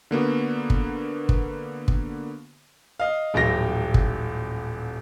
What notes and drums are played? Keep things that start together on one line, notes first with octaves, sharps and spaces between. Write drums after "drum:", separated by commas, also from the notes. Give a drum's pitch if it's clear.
D3 A#3 B3 F#4
drum: kick
drum: kick
drum: kick
D#5 F5
D#1 A1 F#3 G4 G5 A#6
drum: kick